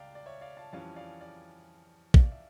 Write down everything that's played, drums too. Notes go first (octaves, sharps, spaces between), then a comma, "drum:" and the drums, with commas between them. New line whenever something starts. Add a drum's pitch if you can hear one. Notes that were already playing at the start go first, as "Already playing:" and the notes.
Already playing: C#2 D5 F5 G5
D5
C#5 E5
D5 F5
F5 A5
F2 E3 G3 C#4 F5 A5
D5 F5
D5 F5
D5 F5, drum: kick
E5